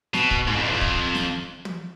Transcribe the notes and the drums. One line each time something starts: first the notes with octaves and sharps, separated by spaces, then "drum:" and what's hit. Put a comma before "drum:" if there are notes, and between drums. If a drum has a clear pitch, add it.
B2, drum: snare
drum: kick
G#2
F2
E2
F2
drum: kick
drum: snare
drum: tom